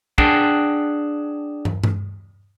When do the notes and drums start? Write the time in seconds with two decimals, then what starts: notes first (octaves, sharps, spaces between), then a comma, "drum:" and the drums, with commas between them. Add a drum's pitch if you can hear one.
0.18 D4 G#4 F#5 G5 A5, drum: kick
1.65 drum: tom
1.84 drum: tom G2